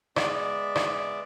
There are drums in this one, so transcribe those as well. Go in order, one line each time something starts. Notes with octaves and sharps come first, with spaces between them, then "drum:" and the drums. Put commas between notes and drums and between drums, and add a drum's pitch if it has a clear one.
G#3 B3 D5 E5, drum: rim click
drum: rim click